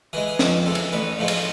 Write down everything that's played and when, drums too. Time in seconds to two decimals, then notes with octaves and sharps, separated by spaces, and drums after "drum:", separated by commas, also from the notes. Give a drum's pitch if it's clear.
0.13 E3 G#3 G#4
0.28 G#4
0.39 F2 A4, drum: snare
0.66 E3 G#3 A4
0.75 drum: cymbal
0.92 A1 B4
1.19 A2 F3 G#3
1.28 drum: cymbal